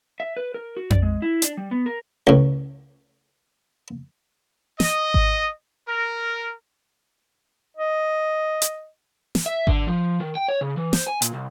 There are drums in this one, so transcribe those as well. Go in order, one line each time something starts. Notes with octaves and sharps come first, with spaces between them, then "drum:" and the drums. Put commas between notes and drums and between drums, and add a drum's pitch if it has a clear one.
E5
B4
A#4
F#4
D5, drum: tom F2
G#3
E4
D4, drum: hi-hat
G3
B3
A#4
C#2 A2
D#5, drum: snare
drum: kick G#1
A#4
D#5
drum: hi-hat
drum: snare
E5
D3, drum: kick G#1
F3
D#3
G5
C#5
C#3
E3
C5, drum: snare
G#5
A#2, drum: hi-hat
C2